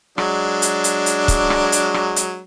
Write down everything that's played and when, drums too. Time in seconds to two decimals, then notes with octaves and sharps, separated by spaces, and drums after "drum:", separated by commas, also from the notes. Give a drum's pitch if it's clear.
0.18 F#3 G#3 D4, drum: rim click
0.62 drum: hi-hat
0.84 drum: hi-hat
1.06 drum: hi-hat
1.28 drum: kick, hi-hat
1.50 drum: rim click
1.72 drum: hi-hat
1.94 drum: rim click
2.16 drum: hi-hat